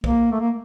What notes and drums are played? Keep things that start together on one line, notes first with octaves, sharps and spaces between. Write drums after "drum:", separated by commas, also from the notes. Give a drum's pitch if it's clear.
A#3, drum: kick
A3
A#3